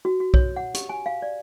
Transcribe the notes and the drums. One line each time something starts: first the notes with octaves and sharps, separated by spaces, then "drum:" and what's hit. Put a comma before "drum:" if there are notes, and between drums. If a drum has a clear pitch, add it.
F#4
F#4
C#5, drum: kick B1
F#5
G4, drum: hi-hat
G#5
F5
D5